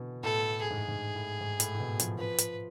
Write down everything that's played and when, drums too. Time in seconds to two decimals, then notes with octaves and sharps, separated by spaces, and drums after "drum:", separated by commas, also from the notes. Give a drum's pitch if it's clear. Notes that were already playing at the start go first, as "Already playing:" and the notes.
Already playing: B2 D3 E3
0.23 A2 A4
0.63 A2 G#4
0.70 G#2
0.77 A2
0.88 G#2
1.15 A2
1.40 G#2
1.60 A2, drum: hi-hat
1.75 A2
1.80 B2
2.00 F3, drum: hi-hat
2.19 F3 B4
2.38 drum: hi-hat